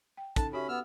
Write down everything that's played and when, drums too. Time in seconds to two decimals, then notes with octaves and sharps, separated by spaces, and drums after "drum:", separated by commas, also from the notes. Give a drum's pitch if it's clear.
0.17 G5
0.36 C#4 D#4 A4 A5, drum: kick, hi-hat
0.53 C#4 F#4 G4 E5 B5
0.68 B3 E6 F6